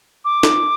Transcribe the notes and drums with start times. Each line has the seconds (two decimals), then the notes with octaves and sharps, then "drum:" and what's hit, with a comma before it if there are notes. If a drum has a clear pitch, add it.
0.25 D6
0.43 drum: snare